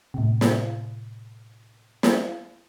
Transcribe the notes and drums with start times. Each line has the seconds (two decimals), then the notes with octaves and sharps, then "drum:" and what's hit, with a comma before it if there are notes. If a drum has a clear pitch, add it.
0.14 A2 C3
0.41 drum: snare
2.03 drum: snare